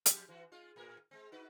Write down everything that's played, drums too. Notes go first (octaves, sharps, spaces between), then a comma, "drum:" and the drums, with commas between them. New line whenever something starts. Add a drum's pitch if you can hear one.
F2 G4, drum: hi-hat
E3 F#4
G#3 F4
A2 A#4
G#3 C4
D#4 F#4 B4